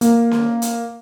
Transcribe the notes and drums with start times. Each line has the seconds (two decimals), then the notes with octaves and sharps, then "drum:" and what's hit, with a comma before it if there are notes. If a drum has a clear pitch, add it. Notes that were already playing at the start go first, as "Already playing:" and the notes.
0.01 A#3, drum: hi-hat
0.31 drum: snare C#4
0.62 drum: hi-hat